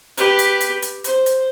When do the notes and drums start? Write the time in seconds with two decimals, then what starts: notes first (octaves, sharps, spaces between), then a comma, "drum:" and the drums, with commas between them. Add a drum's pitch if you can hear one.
0.17 G4 B4, drum: hi-hat
0.39 drum: hi-hat
0.60 drum: hi-hat
0.82 drum: hi-hat
1.04 C5, drum: hi-hat
1.26 drum: hi-hat